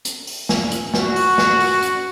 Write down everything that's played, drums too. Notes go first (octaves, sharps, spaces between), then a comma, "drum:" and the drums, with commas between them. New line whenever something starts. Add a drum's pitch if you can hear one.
drum: hi-hat
drum: open hi-hat
drum: snare
drum: hi-hat
F#4, drum: snare
drum: open hi-hat
drum: snare
drum: open hi-hat
drum: hi-hat